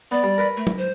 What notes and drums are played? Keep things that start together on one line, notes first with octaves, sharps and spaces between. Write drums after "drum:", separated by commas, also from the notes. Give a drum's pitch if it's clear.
B3 D5
G3
A#4 B4 B5
A3
drum: tom F#3
C5